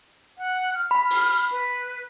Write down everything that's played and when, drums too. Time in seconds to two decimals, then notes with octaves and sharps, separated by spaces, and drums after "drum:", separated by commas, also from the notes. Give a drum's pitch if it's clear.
0.38 F#5
0.74 F6
0.91 B5
1.11 drum: open hi-hat
1.51 B4